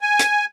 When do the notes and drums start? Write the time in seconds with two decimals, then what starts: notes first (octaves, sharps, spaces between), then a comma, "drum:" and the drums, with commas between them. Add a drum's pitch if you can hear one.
0.01 G#5
0.19 drum: hi-hat